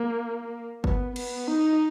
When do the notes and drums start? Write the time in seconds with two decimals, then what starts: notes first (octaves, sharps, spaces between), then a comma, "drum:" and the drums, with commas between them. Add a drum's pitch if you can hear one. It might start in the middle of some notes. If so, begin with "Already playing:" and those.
Already playing: A#3
0.84 B3, drum: kick G1
1.16 B3, drum: cymbal
1.48 D#4